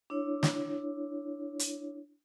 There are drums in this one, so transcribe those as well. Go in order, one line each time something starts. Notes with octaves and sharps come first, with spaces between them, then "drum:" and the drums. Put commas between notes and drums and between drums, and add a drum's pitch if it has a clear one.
D4 E4 C#5
drum: snare
drum: hi-hat